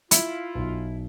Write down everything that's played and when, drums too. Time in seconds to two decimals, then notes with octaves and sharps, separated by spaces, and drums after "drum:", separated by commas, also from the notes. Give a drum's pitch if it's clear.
0.11 E4 F4, drum: hi-hat
0.55 B1